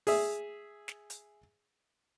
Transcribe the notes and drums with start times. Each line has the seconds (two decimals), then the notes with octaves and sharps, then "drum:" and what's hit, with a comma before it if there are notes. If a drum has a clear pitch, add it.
0.07 G#4 E5, drum: open hi-hat
0.88 drum: snare
1.10 drum: hi-hat